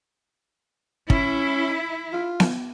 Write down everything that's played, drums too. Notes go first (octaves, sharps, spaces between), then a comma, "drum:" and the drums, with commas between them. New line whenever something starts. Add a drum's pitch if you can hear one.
C#4 E4, drum: kick
F4
drum: snare B3